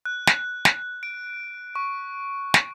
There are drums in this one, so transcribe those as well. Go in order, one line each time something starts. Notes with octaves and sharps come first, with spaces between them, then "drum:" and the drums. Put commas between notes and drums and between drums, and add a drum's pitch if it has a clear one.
F#6
drum: snare
drum: snare
D7
C#6
drum: snare